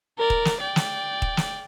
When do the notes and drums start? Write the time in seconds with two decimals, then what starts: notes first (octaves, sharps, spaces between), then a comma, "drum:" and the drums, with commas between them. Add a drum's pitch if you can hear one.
0.18 A#4 D5
0.30 drum: kick
0.45 drum: snare
0.61 D5 G5
0.76 drum: snare
1.22 drum: kick
1.37 drum: snare